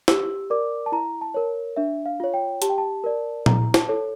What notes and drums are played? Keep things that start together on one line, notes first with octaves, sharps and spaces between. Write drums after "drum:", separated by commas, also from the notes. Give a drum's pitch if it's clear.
G4 E6, drum: snare
A#4 D5 D6
A5
E4 A#5
A5
A#4 C#5
D4 E5
F5
F4 C#5
G5
G4 A5, drum: hi-hat
G5
A5
A#4 D5
E4 A#5, drum: tom A#2
A5, drum: snare
A4 C#5